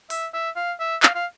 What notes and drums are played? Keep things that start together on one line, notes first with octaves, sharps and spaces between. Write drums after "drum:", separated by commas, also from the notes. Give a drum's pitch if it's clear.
E5, drum: open hi-hat
E5
F5
E5
F5, drum: clap
F5